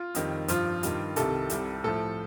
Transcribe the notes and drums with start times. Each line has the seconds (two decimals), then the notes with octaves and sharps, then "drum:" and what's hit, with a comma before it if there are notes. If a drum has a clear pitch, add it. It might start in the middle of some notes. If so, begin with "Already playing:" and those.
Already playing: F4
0.15 F2 D#3 G3, drum: hi-hat
0.48 G2 F3 F4, drum: hi-hat
0.83 G2 D#3 G3, drum: hi-hat
1.16 C2 C3 D#3 G3 A4, drum: hi-hat
1.50 C2 C3 G3, drum: hi-hat
1.84 A2 F3 A4